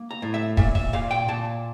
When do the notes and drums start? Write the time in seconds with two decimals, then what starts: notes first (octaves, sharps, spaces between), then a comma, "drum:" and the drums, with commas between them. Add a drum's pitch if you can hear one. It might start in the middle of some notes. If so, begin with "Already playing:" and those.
Already playing: A#3
0.11 A#5
0.22 A2
0.34 E5
0.57 A#2 E5, drum: kick
0.75 E5, drum: kick
0.93 A#2 F5
1.11 G5
1.28 A#2 A5